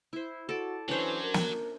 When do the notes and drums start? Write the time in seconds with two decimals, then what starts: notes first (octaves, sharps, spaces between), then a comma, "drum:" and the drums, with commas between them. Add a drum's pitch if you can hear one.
0.13 E4 C5
0.49 F#4 A4 D5
0.88 E3 F#3 C#4 D4 C5
1.23 A#4
1.34 drum: snare